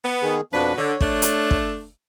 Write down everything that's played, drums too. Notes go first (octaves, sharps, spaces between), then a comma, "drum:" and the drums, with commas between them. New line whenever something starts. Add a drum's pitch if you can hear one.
B3
D#3 G#4
F2 B2 F3 D4 F#4 B4
D3 C#5
A3 D4, drum: kick
drum: hi-hat
drum: kick